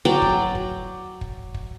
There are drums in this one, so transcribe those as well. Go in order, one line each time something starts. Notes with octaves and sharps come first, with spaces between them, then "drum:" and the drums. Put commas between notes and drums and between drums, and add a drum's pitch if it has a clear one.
F#3 D5 G5
drum: kick
drum: kick
drum: kick
drum: kick